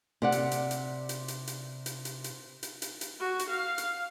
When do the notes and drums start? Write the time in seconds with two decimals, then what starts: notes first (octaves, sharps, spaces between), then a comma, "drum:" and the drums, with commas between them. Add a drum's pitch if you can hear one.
0.22 C3 D5 F#5
0.32 drum: hi-hat
0.51 drum: hi-hat
0.71 drum: hi-hat
1.09 drum: hi-hat
1.28 drum: hi-hat
1.47 drum: hi-hat
1.86 drum: hi-hat
2.05 drum: hi-hat
2.24 drum: hi-hat
2.63 drum: hi-hat
2.82 drum: hi-hat
3.01 drum: hi-hat
3.20 F#4
3.39 drum: hi-hat
3.50 F5
3.78 drum: hi-hat